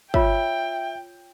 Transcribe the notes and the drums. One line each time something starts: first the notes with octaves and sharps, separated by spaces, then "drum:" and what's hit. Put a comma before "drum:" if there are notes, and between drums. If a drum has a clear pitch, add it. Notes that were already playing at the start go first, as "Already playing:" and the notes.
F4 C#5 E5 G5, drum: kick